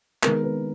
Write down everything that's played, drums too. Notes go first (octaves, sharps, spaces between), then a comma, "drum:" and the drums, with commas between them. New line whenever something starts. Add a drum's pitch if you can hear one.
D#3 G#3 B3 A#4, drum: clap
B4